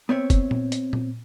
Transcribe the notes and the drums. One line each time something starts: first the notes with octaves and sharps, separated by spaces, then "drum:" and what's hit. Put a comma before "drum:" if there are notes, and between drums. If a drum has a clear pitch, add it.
B3 C4 C#5 E5
drum: kick, hi-hat
drum: tom A#2
drum: hi-hat
drum: tom A#2